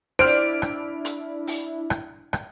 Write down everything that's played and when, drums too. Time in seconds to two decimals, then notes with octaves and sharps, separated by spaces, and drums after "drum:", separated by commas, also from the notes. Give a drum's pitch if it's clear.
0.19 D4 E4 C5 D5 F6 D7, drum: rim click
0.62 drum: rim click
1.05 drum: hi-hat
1.47 drum: open hi-hat
1.90 drum: rim click
2.33 drum: rim click